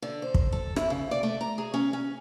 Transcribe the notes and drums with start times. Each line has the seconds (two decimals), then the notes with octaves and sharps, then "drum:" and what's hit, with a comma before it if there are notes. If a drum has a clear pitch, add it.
0.02 D3
0.22 C5
0.34 drum: kick
0.52 A4
0.76 E4, drum: rim click
0.90 C#3
1.11 D5
1.23 A3
1.41 A#5
1.58 G#4
1.74 C#4
1.93 C#4